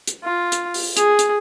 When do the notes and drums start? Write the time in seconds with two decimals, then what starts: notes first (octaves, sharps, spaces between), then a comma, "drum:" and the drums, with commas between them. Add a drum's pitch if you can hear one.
0.07 drum: hi-hat
0.24 F4
0.52 drum: hi-hat
0.74 drum: open hi-hat
0.97 G#4, drum: hi-hat
1.19 drum: hi-hat